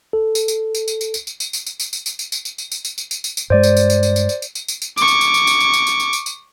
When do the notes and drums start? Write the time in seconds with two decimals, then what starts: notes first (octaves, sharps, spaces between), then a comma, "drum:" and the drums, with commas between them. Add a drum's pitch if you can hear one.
0.13 A4
0.35 drum: tambourine
0.48 drum: tambourine
0.75 drum: tambourine
0.88 drum: tambourine
1.01 drum: tambourine
1.14 drum: tambourine
1.27 drum: tambourine
1.40 drum: tambourine
1.53 drum: tambourine
1.66 drum: tambourine
1.80 drum: tambourine
1.93 drum: tambourine
2.06 drum: tambourine
2.19 drum: tambourine
2.32 drum: tambourine
2.45 drum: tambourine
2.58 drum: tambourine
2.71 drum: tambourine
2.85 drum: tambourine
2.98 drum: tambourine
3.11 drum: tambourine
3.24 drum: tambourine
3.37 drum: tambourine
3.50 G2 G#3 C5 D5
3.63 drum: tambourine
3.77 drum: tambourine
3.90 drum: tambourine
4.03 drum: tambourine
4.16 drum: tambourine
4.29 drum: tambourine
4.42 drum: tambourine
4.55 drum: tambourine
4.68 drum: tambourine
4.82 drum: tambourine
4.98 C#6 D6, drum: tambourine
5.08 drum: tambourine
5.21 drum: tambourine
5.34 drum: tambourine
5.47 drum: tambourine
5.60 drum: tambourine
5.74 drum: tambourine
5.87 drum: tambourine
6.00 drum: tambourine
6.13 drum: tambourine
6.26 drum: tambourine